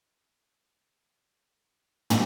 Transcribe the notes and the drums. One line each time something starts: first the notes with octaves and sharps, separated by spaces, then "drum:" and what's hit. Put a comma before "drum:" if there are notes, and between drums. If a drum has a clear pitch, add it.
D4 F4
C4 E4
drum: tom